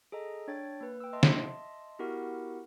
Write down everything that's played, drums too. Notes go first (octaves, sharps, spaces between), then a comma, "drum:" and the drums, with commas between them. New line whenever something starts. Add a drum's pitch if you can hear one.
G#4 A4 D#5 A#5
D4 C#5 G5 A6
A#3 B4
G5 E6
D#5 E5 A5 C6
drum: snare
B3 E4 F#4 G4 A#4 F#5